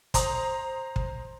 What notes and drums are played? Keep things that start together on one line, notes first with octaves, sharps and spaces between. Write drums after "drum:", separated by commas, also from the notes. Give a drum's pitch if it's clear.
C5 A#5 D#6, drum: kick, hi-hat
drum: kick